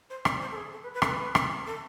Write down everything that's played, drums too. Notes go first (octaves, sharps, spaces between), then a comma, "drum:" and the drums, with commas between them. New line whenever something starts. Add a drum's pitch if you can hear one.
C5
D5, drum: rim click
C5
A4
G#4
A4
B4
B4
A4, drum: rim click
B4
drum: rim click
A4